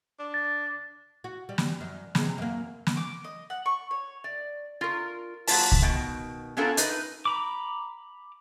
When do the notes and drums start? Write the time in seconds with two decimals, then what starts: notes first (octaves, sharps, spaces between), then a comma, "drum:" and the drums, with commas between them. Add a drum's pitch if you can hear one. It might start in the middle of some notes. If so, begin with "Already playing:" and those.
0.19 D4
0.34 A6
1.24 F#4
1.49 G3
1.58 drum: snare
1.81 F#2
2.15 C3 G#3, drum: snare
2.38 F#2 A#3
2.87 drum: snare
2.97 D6
3.24 D#5
3.50 F#5
3.66 C#6
3.91 C#5
4.24 D5
4.81 F4 A#4
5.47 F#3 A#3 F4 A5, drum: open hi-hat
5.72 drum: kick C2
5.82 B2 D#3
6.57 B3 C#4 D4 F4 A4 A#4
6.77 D#4 B4, drum: hi-hat
7.25 A#5 B5 D6